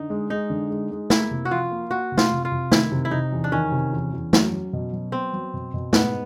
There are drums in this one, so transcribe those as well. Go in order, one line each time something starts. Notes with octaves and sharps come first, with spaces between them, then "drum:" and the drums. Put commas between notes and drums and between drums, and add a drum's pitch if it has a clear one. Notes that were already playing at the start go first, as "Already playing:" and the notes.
Already playing: D3 D#4
G#3
G#3 D#4
D3
G#3
G#3
A#3 E4, drum: snare
C3
F#4
F3 F4
A#3
A#3 F#4
C3
F4, drum: snare
C3
F4
C3
D#3 E4, drum: snare
C3
E4
C3 D#4
E2
D4
D#3 C#4
C3
E2
E2
F#3, drum: snare
F#3
B2
F#3
B3 C4
F#3
B2
B2
G#2 B3, drum: snare